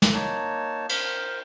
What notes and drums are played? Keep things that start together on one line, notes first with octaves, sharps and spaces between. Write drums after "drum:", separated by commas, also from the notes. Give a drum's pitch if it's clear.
drum: snare
A#3 D#4 C#5 A5
A#4 C5, drum: cymbal